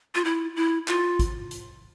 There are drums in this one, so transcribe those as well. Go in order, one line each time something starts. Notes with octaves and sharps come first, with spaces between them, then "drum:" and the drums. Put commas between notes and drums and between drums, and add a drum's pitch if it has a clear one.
F4
E4
E4
F4, drum: clap
drum: kick, hi-hat
drum: hi-hat